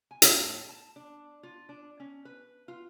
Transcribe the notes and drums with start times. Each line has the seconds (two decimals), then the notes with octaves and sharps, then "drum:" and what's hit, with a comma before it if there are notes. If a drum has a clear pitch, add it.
0.11 G#5
0.22 drum: hi-hat
0.41 A2
0.69 A5
0.96 D4
1.43 F4
1.69 D4
2.00 C#4
2.25 B4
2.68 F4